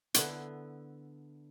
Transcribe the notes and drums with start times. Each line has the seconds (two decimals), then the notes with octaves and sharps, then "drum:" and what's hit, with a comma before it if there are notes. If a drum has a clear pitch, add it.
0.14 D3 B3 E4, drum: hi-hat